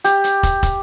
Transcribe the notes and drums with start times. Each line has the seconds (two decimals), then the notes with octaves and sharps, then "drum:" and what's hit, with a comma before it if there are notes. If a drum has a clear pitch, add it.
0.04 G4, drum: hi-hat
0.24 drum: hi-hat
0.43 drum: kick, hi-hat
0.63 drum: kick, hi-hat